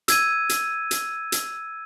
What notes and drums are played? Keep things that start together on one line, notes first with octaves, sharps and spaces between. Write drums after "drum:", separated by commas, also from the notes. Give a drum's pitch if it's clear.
E6 G#6 D#7, drum: hi-hat
drum: hi-hat
drum: hi-hat
drum: hi-hat